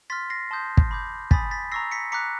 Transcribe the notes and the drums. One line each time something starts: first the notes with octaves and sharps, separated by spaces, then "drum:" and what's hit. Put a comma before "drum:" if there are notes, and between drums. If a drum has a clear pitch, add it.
C6 F6 A6 B6
A#6 C7
A5 C6 D#6 G6
drum: kick
B5 D6 G6
G#5 B5 D#6 A6 B6, drum: kick
A6 B6
A#5 C#6 E6 A#6 C7
B6 C#7
A#5 D6 F#6 B6 C#7